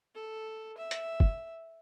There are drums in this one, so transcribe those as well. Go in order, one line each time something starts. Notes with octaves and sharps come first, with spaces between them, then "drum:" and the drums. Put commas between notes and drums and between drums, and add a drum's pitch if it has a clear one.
A4
E5
drum: hi-hat
drum: kick